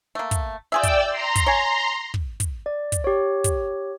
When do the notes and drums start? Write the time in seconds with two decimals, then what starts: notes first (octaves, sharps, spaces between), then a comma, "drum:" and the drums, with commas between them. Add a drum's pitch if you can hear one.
0.15 A3 A#3
0.31 drum: kick, hi-hat
0.72 F4 G#4 D5 E5 G5 E6
0.83 drum: kick, hi-hat
1.09 A#5 C6
1.36 drum: kick, hi-hat
1.46 C#5 G#5
2.14 drum: kick
2.40 drum: kick, hi-hat
2.66 D5
2.92 drum: kick, hi-hat
3.04 G4 C#5
3.44 drum: kick, hi-hat